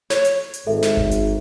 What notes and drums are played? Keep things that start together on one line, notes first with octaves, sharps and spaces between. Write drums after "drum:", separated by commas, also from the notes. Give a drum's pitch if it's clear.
C#5, drum: snare
drum: hi-hat
drum: hi-hat
G#1 G#2 A4 E5
drum: snare
drum: kick G1
drum: hi-hat